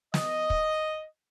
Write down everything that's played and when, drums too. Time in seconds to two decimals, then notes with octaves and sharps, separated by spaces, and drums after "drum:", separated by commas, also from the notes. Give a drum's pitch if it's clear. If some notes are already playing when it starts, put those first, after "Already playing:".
0.14 D#5, drum: snare
0.50 drum: kick